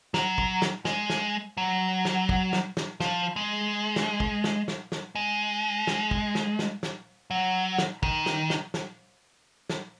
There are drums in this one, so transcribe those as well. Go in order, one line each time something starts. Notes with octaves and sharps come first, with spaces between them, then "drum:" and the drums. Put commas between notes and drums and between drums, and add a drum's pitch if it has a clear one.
F#3, drum: snare
drum: kick
drum: snare
G#3, drum: snare
drum: snare
F#3
drum: snare
drum: kick
drum: snare
drum: snare
F3, drum: snare
G#3
drum: snare
drum: kick
drum: snare
drum: snare
drum: snare
G#3
drum: snare
drum: kick
drum: snare
drum: snare
drum: snare
F#3
drum: snare
D#3, drum: kick
drum: snare
drum: snare
drum: snare
drum: snare